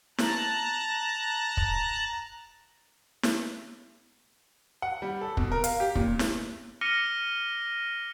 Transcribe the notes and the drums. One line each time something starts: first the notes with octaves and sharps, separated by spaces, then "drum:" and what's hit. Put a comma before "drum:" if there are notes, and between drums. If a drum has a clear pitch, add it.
A5 A#5 F#6, drum: snare
drum: kick
drum: snare
F#5
G3
A4
B2, drum: kick
A#4
F5, drum: hi-hat
G4
A#2, drum: kick
drum: snare
D6 F6 A#6 C#7 D#7 G7